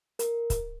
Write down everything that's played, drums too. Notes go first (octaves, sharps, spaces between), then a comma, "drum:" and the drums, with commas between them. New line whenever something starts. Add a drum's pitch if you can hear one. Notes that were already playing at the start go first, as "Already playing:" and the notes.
A#4, drum: hi-hat
drum: kick C#1, hi-hat